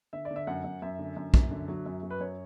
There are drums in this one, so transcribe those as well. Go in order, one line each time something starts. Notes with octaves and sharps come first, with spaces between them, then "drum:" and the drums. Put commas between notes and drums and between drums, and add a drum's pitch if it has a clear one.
D3 E5
D5
D3
E5
F#2 F#5
F#2
F#2 E5
D3
F#2
F#2, drum: kick
D3
F#3
F#2
F#3
B4
F#2 C#5